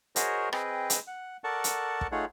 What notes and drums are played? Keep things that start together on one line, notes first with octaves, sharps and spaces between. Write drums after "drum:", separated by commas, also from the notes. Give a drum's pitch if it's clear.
F#4 G#4 A#4 C5 C#5 D#5, drum: hi-hat
C4 G#4 B4 D#5 G5, drum: rim click
drum: hi-hat
F#5
A4 A#4 D5 F#5 A5 C#6
drum: hi-hat
drum: kick
A3 D#4 F4 G#4 C#5 F#5